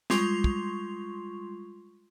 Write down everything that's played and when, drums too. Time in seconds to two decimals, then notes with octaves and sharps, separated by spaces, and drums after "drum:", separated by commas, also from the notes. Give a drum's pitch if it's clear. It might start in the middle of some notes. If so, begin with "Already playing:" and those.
0.10 G3 G#3 F4 C6 C#6, drum: snare
0.44 drum: kick